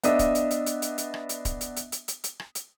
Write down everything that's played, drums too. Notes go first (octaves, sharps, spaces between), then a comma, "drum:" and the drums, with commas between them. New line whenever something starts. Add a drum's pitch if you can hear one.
B3 D4 D#5 E5, drum: hi-hat
drum: kick D1, hi-hat
drum: hi-hat
drum: hi-hat
drum: hi-hat
drum: hi-hat
drum: hi-hat
drum: rim click
drum: hi-hat
drum: kick D1, hi-hat
drum: hi-hat
drum: hi-hat
drum: hi-hat
drum: hi-hat
drum: hi-hat
drum: rim click
drum: hi-hat